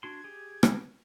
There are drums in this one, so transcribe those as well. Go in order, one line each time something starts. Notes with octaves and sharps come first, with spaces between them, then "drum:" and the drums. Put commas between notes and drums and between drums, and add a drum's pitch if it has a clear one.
D4 F#4 C6 G#6
G4 G#4
drum: rim click